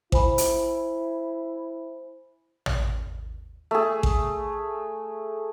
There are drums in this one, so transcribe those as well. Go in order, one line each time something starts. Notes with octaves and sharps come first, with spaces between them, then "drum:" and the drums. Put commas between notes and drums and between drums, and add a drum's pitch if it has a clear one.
E4 C5 G#5 B5, drum: kick A1
drum: hi-hat
drum: tom
A3 G#4
drum: kick A1